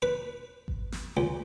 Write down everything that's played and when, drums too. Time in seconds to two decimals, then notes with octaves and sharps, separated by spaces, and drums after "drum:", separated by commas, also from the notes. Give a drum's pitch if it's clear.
0.02 B4
0.68 drum: kick G#1
0.92 drum: snare
1.17 C#2